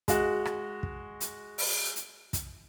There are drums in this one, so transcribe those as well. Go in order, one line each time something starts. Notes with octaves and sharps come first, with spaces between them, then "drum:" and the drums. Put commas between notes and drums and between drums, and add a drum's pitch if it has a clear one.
G#3 F#4, drum: kick, hi-hat
drum: rim click
drum: kick
drum: hi-hat
drum: open hi-hat
drum: hi-hat
drum: kick, hi-hat